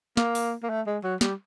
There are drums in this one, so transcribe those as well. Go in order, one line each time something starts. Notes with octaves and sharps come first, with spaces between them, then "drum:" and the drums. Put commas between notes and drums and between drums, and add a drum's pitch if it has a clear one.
A#3, drum: snare
drum: open hi-hat
A#3
A3
G#3
F#3
G3, drum: snare